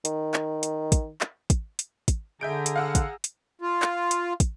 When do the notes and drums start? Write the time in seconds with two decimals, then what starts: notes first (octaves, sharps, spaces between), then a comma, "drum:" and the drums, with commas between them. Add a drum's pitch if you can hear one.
0.05 D#3, drum: hi-hat
0.34 drum: clap
0.63 drum: hi-hat
0.92 drum: kick, hi-hat
1.21 drum: clap
1.50 drum: kick, hi-hat
1.79 drum: hi-hat
2.08 drum: kick, hi-hat
2.41 D3 G#4 E5 A#5 G6 D7
2.66 drum: hi-hat
2.76 F5 F#5 E6
2.95 drum: kick, hi-hat
3.24 drum: hi-hat
3.62 F4
3.82 drum: clap
4.11 drum: hi-hat
4.40 drum: kick, hi-hat